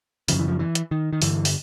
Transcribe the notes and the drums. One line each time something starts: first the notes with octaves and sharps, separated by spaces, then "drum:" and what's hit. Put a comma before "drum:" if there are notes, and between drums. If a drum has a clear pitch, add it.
F#2 C#3 F3, drum: open hi-hat
E3
F3
E3
drum: hi-hat
D#3
D#3
G2 D3 E3, drum: open hi-hat
drum: open hi-hat